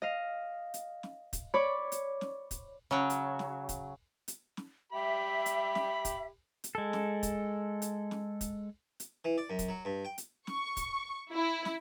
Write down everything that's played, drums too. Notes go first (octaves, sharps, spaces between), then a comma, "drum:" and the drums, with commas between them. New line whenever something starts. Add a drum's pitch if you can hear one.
D#5 F5
drum: hi-hat
drum: snare
drum: kick, hi-hat
C#5 D5 B5 D6
drum: hi-hat
drum: snare
drum: kick, hi-hat
C#3 F#3
drum: hi-hat
drum: snare
drum: kick, hi-hat
drum: hi-hat
drum: snare
G4 E5 B5
drum: hi-hat
drum: snare
drum: kick, hi-hat
drum: hi-hat
G#3 A4
drum: snare
drum: kick, hi-hat
drum: hi-hat
drum: snare
drum: kick, hi-hat
drum: hi-hat
E3
D5
F#2
drum: kick, hi-hat
F#3
G2
G5
drum: hi-hat
C#6, drum: snare
drum: kick, hi-hat
E4
drum: snare